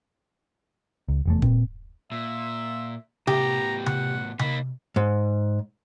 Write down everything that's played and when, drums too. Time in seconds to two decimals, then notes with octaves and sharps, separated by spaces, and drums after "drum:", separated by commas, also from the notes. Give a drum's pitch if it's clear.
1.08 C#2
1.26 F1 E2 A3
1.42 A#2 C4, drum: kick
2.12 A#2 E5
3.27 A2 B3 G4 A#5, drum: tom C3
3.86 F#5, drum: tom C3
4.39 A#3 D#4 B5, drum: tom C3
4.96 G#2